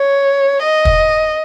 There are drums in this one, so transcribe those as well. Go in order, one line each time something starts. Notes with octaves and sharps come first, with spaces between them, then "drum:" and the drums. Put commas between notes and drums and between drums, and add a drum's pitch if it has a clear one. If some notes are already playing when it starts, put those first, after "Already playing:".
Already playing: C#5
D#5
drum: kick